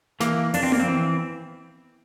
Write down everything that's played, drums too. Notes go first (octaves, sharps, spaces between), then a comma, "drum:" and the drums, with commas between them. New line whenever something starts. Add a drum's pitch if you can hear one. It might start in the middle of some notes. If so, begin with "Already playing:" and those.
E3 A#3, drum: snare
F2 D4, drum: open hi-hat
C4
A#3, drum: tom B3
C4
E3